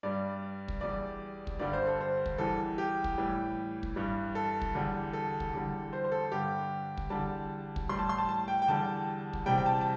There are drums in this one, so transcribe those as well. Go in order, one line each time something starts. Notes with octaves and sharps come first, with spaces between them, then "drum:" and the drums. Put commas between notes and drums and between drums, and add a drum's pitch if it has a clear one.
G2 G3 D5
drum: kick
E2 E3 G3 D5
drum: kick
G2 D3 G3 D5
C5
A4
C5
drum: kick
E2 E3 G3 A4
G4
drum: kick
A2 E3 G3
drum: kick
G2 E3 G3
A4
drum: kick
E2 D3 G3
A4
drum: kick
E2 D3 G3
C5
C5
A4
G2 D3 G3 G4
drum: kick
E2 D3 G3 A5
drum: kick
A2 E3 G3 C6
A5
C6
A5
A5
G5
G5
E2 D3 G3 A5
drum: kick
E2 C3 G3 G5
G5
A5
A5